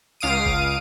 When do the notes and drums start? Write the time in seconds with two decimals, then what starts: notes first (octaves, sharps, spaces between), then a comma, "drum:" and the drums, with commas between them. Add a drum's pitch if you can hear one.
0.20 C#2 F5 D#6 D7 D#7
0.46 drum: kick F#1